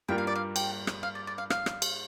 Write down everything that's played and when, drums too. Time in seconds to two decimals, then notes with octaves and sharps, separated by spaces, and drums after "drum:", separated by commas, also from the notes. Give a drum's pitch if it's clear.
0.08 G2 G3 A#3 F4 A#4 G5
0.18 F5
0.27 D5
0.35 F5
0.56 G5, drum: cymbal
0.87 drum: rim click
1.03 F5
1.15 D5
1.27 D5
1.38 F5
1.50 F5, drum: rim click
1.66 drum: rim click
1.82 drum: cymbal